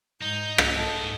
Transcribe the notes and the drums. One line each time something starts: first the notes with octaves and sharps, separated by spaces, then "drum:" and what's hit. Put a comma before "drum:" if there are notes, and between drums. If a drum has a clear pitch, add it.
G#2 D#4 G6
drum: rim click
G#2 A4 D#5